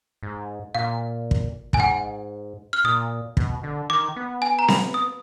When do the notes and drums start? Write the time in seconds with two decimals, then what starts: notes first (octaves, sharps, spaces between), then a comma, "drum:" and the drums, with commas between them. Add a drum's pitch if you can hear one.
0.23 G#2
0.75 A#2 F5
1.31 drum: kick
1.73 A#2 G#5, drum: kick
1.80 G#2 F#5
2.73 F6
2.84 A#2 D#6
3.37 B2, drum: kick
3.63 D3
3.90 D#3 D6
4.16 B3
4.42 G#5
4.59 A#5
4.68 B5, drum: snare C4
4.94 D#6